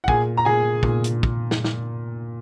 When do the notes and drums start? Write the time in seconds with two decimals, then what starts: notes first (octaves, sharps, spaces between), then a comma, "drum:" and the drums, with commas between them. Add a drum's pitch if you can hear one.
0.04 F#5
0.08 A#2 G#4 G#5, drum: kick
0.37 A#5
0.45 A#2 G#4 G#5
0.83 A#2, drum: kick
1.04 drum: hi-hat
1.23 drum: kick
1.51 drum: snare
1.64 drum: snare